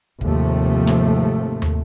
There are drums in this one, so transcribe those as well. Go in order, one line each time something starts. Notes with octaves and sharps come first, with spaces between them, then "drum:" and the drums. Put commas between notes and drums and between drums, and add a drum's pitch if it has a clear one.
D#2 G#2 C3 F3 A3, drum: kick
drum: snare
drum: tom